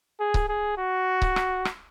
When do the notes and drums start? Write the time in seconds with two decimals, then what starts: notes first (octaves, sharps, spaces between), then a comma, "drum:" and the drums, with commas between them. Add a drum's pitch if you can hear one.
0.20 G#4
0.34 drum: kick C#1
0.49 G#4
0.77 F#4
1.22 drum: kick C#1
1.36 drum: rim click
1.65 drum: rim click